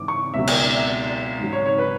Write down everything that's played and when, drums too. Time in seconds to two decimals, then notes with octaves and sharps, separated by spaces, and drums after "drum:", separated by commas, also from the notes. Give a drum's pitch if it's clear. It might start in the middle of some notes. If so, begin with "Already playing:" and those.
Already playing: G#2 E3 D6
0.08 C#6
0.34 C#2 B2 F#3 E5
0.47 D5, drum: cymbal
0.60 D5
0.73 E5
1.38 G#2 F#3
1.53 C#5
1.66 C#5
1.78 B4